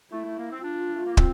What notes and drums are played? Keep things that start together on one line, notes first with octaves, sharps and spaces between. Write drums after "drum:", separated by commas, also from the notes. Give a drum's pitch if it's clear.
A3 E4
A3
A#3
C4
D4 F4
A3
A#3
C4, drum: kick